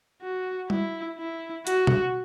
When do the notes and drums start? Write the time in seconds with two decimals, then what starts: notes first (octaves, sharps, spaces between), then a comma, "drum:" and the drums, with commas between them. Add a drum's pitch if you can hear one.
0.22 F#4
0.70 E4, drum: tom G3
1.18 E4
1.67 F#4, drum: hi-hat
1.87 drum: tom B2